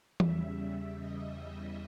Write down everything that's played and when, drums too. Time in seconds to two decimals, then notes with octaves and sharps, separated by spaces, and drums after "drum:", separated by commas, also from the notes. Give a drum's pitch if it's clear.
0.20 E2 C#3 G3 E5, drum: tom E3
0.98 D#5